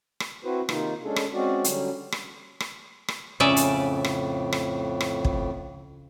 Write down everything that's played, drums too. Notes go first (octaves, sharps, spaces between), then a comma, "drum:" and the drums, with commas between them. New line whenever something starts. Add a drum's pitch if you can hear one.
drum: rim click
C4 E4 F#4 B4 C5
C3 D#3 A#3 D#4 F4, drum: rim click
G#3 C#4 D4 G#4 A4
drum: rim click
G#3 C4 C#4 F#4 D5
D3 F#3 G3 C#4, drum: hi-hat
drum: rim click
drum: rim click
drum: rim click
F2 A2 C#3 D5 E5
drum: hi-hat
drum: rim click
drum: rim click
drum: rim click
drum: kick